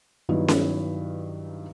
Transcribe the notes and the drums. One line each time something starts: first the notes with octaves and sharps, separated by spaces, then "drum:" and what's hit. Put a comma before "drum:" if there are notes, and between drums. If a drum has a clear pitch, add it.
G2 D#3 F#3 B3 D#4 E4
drum: snare C#4